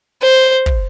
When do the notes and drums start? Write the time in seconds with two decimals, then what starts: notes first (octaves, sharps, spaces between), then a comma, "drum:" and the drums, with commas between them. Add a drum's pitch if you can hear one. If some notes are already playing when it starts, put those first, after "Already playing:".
0.22 C5
0.66 drum: kick